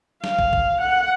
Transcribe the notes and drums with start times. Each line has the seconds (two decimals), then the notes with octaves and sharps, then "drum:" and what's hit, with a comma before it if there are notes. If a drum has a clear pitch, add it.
0.24 F5, drum: snare
0.39 drum: kick
0.53 drum: kick
0.81 F#5